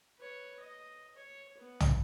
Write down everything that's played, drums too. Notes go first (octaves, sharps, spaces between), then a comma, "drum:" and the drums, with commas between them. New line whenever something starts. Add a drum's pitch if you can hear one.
B4 C#5
D#5
C#5
B3
drum: tom